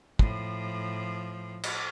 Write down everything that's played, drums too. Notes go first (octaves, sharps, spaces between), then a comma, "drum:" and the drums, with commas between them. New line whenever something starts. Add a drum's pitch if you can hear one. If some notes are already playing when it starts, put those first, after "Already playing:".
A2 F3, drum: kick
drum: cymbal